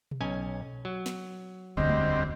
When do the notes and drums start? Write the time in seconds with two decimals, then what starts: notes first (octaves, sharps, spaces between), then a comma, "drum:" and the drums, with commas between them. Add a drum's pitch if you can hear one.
0.11 drum: tom B2
0.21 B1 C#4 G#5
0.85 F#3
1.06 drum: snare
1.77 E1 D2 D3 G3 C4 D#5
1.89 drum: tom G#3